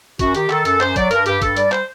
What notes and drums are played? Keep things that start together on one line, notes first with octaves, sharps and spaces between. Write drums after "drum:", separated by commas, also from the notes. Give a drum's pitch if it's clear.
F#2 F#4, drum: kick, hi-hat
D#3 G4, drum: hi-hat
D#3 A4, drum: clap
F#2 A4, drum: hi-hat
F#2 C5, drum: clap
F#3 D5, drum: kick, hi-hat
G2 A#4, drum: hi-hat
G2 G4, drum: hi-hat
G2 A4, drum: kick, hi-hat
G3 D5, drum: hi-hat
C5, drum: clap